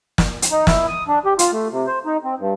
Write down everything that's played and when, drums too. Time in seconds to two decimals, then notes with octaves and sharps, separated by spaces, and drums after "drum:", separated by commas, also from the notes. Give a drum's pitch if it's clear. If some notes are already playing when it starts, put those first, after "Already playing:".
0.18 drum: snare
0.42 drum: hi-hat
0.51 D#4
0.67 E4, drum: snare
0.88 D#6
1.08 D4
1.25 G4
1.39 F4, drum: hi-hat
1.52 A3
1.71 C3
1.87 C5
2.06 D#4
2.24 C4
2.39 G2